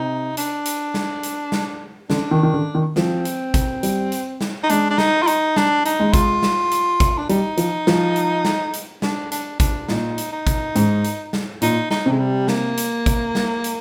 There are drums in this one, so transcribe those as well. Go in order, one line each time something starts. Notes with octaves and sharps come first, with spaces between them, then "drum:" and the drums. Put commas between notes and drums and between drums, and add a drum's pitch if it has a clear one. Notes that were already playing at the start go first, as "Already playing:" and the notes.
Already playing: C3 D#4
D4, drum: hi-hat
drum: hi-hat
drum: snare
drum: hi-hat
drum: snare
D3 D4, drum: snare
D#3
D#3
D3
D#3
F3 C4, drum: snare
drum: hi-hat
drum: kick G#1, hi-hat
G3, drum: hi-hat
drum: hi-hat
drum: snare
D#4
G#3 D4, drum: hi-hat
D4
D#4, drum: snare
F4
D#4, drum: hi-hat
D4, drum: snare
D#4, drum: hi-hat
G#3
F4, drum: kick G#1, hi-hat
drum: snare
drum: hi-hat
drum: kick G#1, hi-hat
D4
G3 D#4, drum: hi-hat
F3, drum: hi-hat
F3, drum: snare
drum: hi-hat
drum: snare
drum: hi-hat
D4, drum: snare
D4, drum: hi-hat
D4, drum: kick G#1, hi-hat
A#2 D#4, drum: snare
drum: hi-hat
D#4
drum: kick G#1, hi-hat
G#2, drum: hi-hat
drum: hi-hat
drum: snare
A#2 D#4, drum: hi-hat
D#4, drum: snare
C3
G#3
G3
A#3, drum: snare
drum: hi-hat
drum: kick G#1, hi-hat
drum: snare
drum: hi-hat